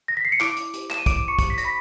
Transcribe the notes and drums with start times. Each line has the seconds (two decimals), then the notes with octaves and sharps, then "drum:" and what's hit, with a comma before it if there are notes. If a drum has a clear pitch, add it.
0.08 A#6
0.17 B6
0.25 C7
0.32 C#7
0.41 E4 D6 D7, drum: clap
0.57 drum: hi-hat
0.74 G4 C5, drum: hi-hat
0.91 E7, drum: clap
0.98 D#7
1.06 E4 D6 D7, drum: kick, hi-hat
1.28 C#6 C#7
1.39 G4 C5, drum: kick, hi-hat
1.50 B6
1.58 A#6, drum: hi-hat
1.64 B5 B6